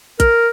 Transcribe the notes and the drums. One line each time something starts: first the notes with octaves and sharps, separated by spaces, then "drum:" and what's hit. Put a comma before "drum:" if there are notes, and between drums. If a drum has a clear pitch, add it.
A#4, drum: kick, hi-hat